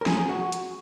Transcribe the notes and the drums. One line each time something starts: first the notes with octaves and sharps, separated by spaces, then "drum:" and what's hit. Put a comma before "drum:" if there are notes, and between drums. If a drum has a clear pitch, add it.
A#4
G#4, drum: snare
F#4
drum: hi-hat